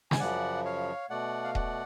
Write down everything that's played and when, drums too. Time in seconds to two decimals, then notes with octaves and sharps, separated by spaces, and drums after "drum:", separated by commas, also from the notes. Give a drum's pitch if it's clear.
0.11 G#5, drum: snare
0.20 F#2 C#3 F3 D5 F#5
0.65 C#5 F5
1.10 B2 A3 D5 F#5
1.44 F5
1.55 D5 F#5, drum: kick D#1